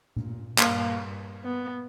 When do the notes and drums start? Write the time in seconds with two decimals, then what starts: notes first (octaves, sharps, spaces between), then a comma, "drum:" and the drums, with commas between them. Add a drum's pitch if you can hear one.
0.16 A#2, drum: tom A#2
0.58 G2 A#3, drum: clap
1.44 B3